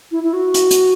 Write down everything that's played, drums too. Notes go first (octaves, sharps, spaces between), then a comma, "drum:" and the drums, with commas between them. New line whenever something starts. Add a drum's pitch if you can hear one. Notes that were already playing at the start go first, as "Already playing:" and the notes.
E4
E4
F#4
drum: hi-hat
drum: hi-hat